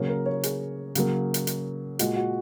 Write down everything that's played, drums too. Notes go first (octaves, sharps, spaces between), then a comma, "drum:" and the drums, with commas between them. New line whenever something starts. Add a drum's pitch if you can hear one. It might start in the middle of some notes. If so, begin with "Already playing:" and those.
Already playing: C#3 F#3 A#3 C#5
A#4
C#5
G#4, drum: hi-hat
C#3 F#3 A#3, drum: hi-hat
drum: hi-hat
drum: hi-hat
A#2 G#3 F#4, drum: hi-hat
F#4